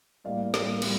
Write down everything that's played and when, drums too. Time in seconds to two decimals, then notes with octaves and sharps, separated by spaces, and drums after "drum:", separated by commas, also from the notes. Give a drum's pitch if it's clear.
0.24 A2 G3 A#3 D5 F5
0.54 A2 G3 A#3, drum: snare
0.82 A2 G3, drum: cymbal